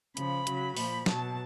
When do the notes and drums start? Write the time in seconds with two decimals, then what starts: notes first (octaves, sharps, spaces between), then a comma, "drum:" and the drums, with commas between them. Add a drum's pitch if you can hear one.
0.17 C#3 F3 B5, drum: hi-hat
0.47 C#3 F#3, drum: hi-hat
0.77 A#2 F3 B5, drum: open hi-hat
1.06 B2 F#3 A5, drum: snare